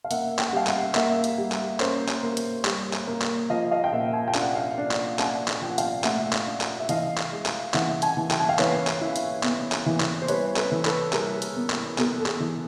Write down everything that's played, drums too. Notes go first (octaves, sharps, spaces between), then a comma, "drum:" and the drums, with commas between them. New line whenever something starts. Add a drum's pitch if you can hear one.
F5
A#3 E5 F#5, drum: hi-hat
G5, drum: clap
F#5
G3 F5 G5
G5
E5 F#5, drum: clap
A#3 E5 F#5, drum: clap
drum: hi-hat
G3
drum: clap
C#4 A#4 C5, drum: clap
drum: clap
A#3
drum: hi-hat
G3, drum: clap
drum: clap
A#3
drum: clap
F3 D#5 F5
D#5 F5
G5
A#2 E5 F#5
G#5
G5
D4, drum: clap
F#5
F5 G5
D4
drum: clap
D4 F#5 G#5, drum: clap
drum: clap
F3 G5
F#5
F5 G5, drum: hi-hat
A3 E5 F#5, drum: clap
drum: clap
D4
drum: clap
E5
E3 D#5 F5, drum: hi-hat
drum: clap
G#3
drum: clap
E3 E5 F#5, drum: clap
F#5 G#5, drum: hi-hat
E3
G5, drum: clap
G#5
F5 G5
E3 B4 C#5, drum: clap
drum: clap
E4
drum: hi-hat
B3, drum: clap
drum: clap
E3
drum: clap
C5
G3 B4 C#5, drum: hi-hat
A4 B4, drum: clap
E3
A4 B4, drum: clap
G3 G#4 A#4, drum: clap
drum: hi-hat
B3
drum: clap
B3 G4 A4, drum: clap
A4
G#4, drum: clap
E3